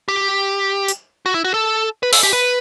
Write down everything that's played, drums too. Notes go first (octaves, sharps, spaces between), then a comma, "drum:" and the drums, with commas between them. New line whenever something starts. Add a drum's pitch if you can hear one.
G4
drum: tambourine
F#4
E4
F#4
A4
B4
A4, drum: open hi-hat
G4
B4